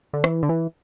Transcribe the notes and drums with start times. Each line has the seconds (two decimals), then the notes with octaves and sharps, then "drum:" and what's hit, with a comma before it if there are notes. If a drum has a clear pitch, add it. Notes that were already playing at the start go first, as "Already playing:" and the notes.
0.13 D3
0.24 E3, drum: rim click
0.43 D3
0.49 E3